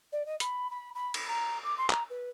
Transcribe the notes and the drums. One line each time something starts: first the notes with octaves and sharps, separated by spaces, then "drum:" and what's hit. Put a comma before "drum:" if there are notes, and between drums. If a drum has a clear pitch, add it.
D5
D#5
B5, drum: hi-hat
B5
B5
drum: cymbal
A#5
D6
C6
A#5, drum: clap
B4